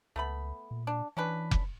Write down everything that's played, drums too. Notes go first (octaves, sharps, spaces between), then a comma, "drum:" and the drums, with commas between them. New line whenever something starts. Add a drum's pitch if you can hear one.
C#2 A3 B3 B5
A#2
D4
E3 C#4 D4 B4
drum: kick F1